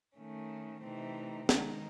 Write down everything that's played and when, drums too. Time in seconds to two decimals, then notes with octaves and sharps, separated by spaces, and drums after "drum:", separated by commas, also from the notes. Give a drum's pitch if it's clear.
0.18 D#3 A3 C#4
0.84 C3 E3 A3 C4 D#4
1.49 D#3 G#3 D#4, drum: snare